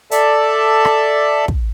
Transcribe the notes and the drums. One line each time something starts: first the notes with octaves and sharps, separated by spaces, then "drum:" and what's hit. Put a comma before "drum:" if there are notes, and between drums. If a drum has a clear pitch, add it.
A4 D5 E5 A5, drum: hi-hat
drum: rim click
drum: kick